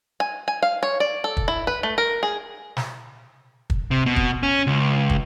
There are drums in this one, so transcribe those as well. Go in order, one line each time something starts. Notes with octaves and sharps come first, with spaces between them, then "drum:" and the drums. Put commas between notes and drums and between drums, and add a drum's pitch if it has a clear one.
G#5
G#5
F5
C#5
D5
A4
drum: kick
E4
B4
A3
A#4
G#4
drum: snare
drum: kick
C3
B2
drum: kick
C#4
C#2
drum: kick